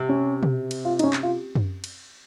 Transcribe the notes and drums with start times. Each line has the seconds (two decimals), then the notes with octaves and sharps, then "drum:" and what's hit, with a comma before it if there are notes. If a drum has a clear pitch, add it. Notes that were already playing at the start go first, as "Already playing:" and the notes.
Already playing: C3
0.09 C#4
0.43 drum: tom B2
0.71 drum: cymbal
0.85 F4
0.99 D#4, drum: cymbal
1.03 C#4
1.13 drum: clap
1.23 F4
1.55 drum: tom F#2
1.84 drum: cymbal